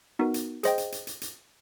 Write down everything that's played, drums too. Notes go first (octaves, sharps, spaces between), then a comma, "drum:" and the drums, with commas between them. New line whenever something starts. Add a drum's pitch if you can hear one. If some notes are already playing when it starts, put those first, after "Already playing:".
B3 D#4 F#4 A#4
drum: hi-hat
G#4 C5 D#5 G5, drum: hi-hat
drum: hi-hat
drum: hi-hat
drum: hi-hat
drum: hi-hat